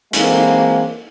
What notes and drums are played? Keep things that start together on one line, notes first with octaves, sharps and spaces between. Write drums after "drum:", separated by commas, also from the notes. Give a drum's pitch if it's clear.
E3 F#3 G#3 A#3 C4, drum: hi-hat